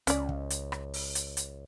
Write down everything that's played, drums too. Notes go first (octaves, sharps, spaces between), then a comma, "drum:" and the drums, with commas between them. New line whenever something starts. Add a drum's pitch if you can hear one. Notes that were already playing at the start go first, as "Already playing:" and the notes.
C#2 C#4 D5, drum: hi-hat
drum: kick
drum: hi-hat
drum: rim click
drum: open hi-hat
drum: hi-hat
drum: hi-hat